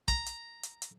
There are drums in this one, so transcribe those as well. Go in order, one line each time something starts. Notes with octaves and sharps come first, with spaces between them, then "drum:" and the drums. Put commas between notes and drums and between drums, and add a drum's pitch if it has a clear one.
A#5, drum: kick, hi-hat
drum: hi-hat
drum: hi-hat
drum: hi-hat